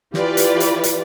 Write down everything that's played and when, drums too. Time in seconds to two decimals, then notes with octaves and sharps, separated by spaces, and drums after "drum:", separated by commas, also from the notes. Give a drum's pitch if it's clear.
0.14 E3 F4 G4 B4 D5, drum: snare
0.37 drum: hi-hat
0.60 drum: hi-hat
0.84 drum: hi-hat